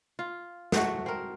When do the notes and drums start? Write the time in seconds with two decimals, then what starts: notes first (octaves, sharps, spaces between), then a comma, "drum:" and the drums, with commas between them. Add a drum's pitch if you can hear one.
0.19 F4
0.72 F#3 A3 F#4, drum: snare
1.06 C4 A#4